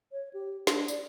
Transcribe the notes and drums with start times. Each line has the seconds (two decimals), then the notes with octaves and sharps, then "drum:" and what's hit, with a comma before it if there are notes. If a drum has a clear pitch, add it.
0.12 C#5
0.34 G4
0.67 D4, drum: snare
0.88 D5, drum: tambourine